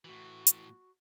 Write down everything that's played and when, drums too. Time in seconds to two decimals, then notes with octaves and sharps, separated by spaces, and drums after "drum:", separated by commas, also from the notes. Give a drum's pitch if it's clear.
0.05 A2 E3 F#4
0.47 drum: hi-hat